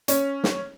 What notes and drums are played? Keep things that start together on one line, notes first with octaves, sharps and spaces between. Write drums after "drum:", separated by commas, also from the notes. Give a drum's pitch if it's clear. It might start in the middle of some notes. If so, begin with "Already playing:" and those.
C#4, drum: hi-hat
drum: snare